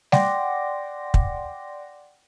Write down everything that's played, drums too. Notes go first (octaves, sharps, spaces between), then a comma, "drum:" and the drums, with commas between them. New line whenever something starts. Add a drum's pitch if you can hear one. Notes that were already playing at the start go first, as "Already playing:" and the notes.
D5 F#5 G5 C6 D6 A#6, drum: snare
drum: kick